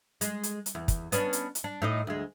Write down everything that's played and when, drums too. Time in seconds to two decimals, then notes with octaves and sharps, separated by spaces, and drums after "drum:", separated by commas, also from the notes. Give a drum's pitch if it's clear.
0.21 G#3, drum: hi-hat
0.43 drum: hi-hat
0.66 drum: hi-hat
0.75 E2
0.88 drum: kick, hi-hat
1.12 B3 C#4 D4, drum: hi-hat
1.33 drum: hi-hat
1.55 drum: hi-hat
1.64 D4
1.82 A2 D#4 D#5
2.07 D2 G#3